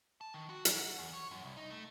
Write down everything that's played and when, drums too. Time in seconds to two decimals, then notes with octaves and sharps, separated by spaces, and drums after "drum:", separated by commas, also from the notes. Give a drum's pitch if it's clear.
0.21 A5
0.34 D#3
0.50 F#4
0.65 F#3, drum: hi-hat
0.79 F#5
0.99 E2
1.13 C#5
1.31 F#2
1.45 C2
1.57 D#4
1.71 A3